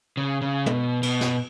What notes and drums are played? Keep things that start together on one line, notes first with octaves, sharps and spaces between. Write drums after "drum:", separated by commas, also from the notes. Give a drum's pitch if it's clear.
C#3
C#3
B2, drum: tom
B2, drum: cymbal
drum: snare